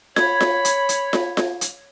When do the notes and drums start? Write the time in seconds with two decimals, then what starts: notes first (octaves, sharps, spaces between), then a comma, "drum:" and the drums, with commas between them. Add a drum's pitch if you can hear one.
0.16 C#5 B5 G#6, drum: snare F4
0.40 drum: snare F4
0.65 drum: hi-hat
0.89 drum: hi-hat
1.13 drum: snare F4
1.37 drum: snare F4
1.61 drum: hi-hat